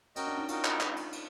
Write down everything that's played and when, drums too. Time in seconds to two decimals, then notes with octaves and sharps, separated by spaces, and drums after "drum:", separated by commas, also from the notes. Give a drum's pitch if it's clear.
0.16 C#4 F#4 A#4 D#5 G5, drum: cymbal
0.27 D4
0.37 D#4
0.48 F4 F#4 A#4 D#5 G5, drum: cymbal
0.64 drum: clap
0.80 drum: clap
0.96 drum: cymbal
1.12 drum: cymbal